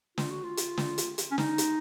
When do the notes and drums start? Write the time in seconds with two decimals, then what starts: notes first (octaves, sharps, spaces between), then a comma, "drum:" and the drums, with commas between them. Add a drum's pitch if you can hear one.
0.18 F4, drum: snare
0.30 F#4
0.44 F4
0.57 drum: hi-hat
0.77 drum: snare
0.98 drum: hi-hat
1.18 drum: hi-hat
1.31 C#4
1.38 D#4, drum: snare
1.58 drum: hi-hat